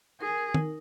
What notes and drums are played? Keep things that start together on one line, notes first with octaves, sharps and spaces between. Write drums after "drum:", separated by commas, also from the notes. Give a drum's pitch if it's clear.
G#4 A#4
A#4
D#4, drum: tom D#3